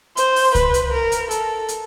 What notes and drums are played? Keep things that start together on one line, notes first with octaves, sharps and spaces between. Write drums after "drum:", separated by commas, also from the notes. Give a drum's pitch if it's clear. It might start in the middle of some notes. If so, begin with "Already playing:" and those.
C5, drum: hi-hat
drum: open hi-hat
B4, drum: kick C#2, hi-hat
drum: hi-hat
A#4
drum: hi-hat
A4, drum: hi-hat
drum: hi-hat